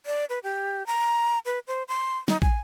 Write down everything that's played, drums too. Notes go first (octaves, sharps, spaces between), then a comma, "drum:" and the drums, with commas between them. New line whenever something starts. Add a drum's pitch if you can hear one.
D5
B4
G4
A#5
B4
C5
C6
D#4, drum: snare
G#5, drum: kick